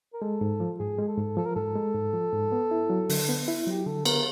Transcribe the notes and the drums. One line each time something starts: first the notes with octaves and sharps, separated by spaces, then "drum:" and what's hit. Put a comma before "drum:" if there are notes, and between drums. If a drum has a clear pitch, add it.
A#4
G#3 A4
G#2
F3
G#2 G#4
G#3 G#4
A4
G#2
F3 A4
A#4
G#2 A4
G#3
G#2
F3
G#2
B3
E4
F#3
D3, drum: open hi-hat
B3
E4
F#3 G4
D3 A4
B3 A#4, drum: cymbal